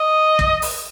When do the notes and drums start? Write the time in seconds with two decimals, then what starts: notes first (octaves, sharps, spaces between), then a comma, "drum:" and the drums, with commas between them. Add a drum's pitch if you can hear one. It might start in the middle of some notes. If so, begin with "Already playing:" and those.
Already playing: D#5
0.39 drum: kick
0.62 drum: open hi-hat